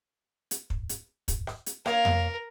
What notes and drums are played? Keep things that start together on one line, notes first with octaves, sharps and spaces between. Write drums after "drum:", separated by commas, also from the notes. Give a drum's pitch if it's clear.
drum: hi-hat
drum: kick
drum: hi-hat
drum: kick, hi-hat
drum: rim click
drum: hi-hat
A#3 A#4 C#5 F5, drum: rim click
drum: tom F2